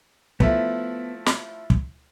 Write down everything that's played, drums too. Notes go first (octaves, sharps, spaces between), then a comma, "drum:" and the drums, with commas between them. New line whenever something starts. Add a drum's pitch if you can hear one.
F3 A3 B3 E4, drum: kick
B5 C6, drum: snare
drum: kick